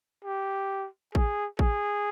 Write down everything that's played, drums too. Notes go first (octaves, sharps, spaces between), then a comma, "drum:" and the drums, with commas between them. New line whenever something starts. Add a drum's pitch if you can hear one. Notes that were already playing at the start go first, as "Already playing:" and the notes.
G4
G#4, drum: kick A1
G#4, drum: kick A1